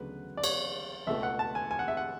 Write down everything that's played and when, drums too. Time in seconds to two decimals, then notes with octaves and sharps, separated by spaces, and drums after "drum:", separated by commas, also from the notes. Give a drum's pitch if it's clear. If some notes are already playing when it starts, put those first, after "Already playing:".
Already playing: D2 C#3 F#3 B3 B4
0.37 D5
0.44 C#5, drum: cymbal
1.07 C#2 B2 A3 E5
1.23 F#5
1.39 A5
1.55 G#5
1.71 G#5
1.79 F#5
1.88 E5
1.97 F#5